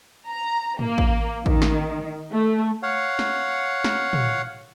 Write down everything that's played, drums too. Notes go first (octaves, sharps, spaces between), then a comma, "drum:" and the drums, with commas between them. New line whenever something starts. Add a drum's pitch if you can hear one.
A#5
A#3, drum: tom
drum: kick A1
D#3, drum: kick A1
drum: snare
A3
C#5 F5 F#5
drum: snare
drum: snare
drum: tom